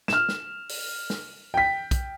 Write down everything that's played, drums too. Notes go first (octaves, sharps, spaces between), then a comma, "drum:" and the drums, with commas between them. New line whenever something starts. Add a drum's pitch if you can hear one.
F6 E7, drum: snare
drum: snare
drum: open hi-hat
drum: snare
G5 B6
drum: kick, hi-hat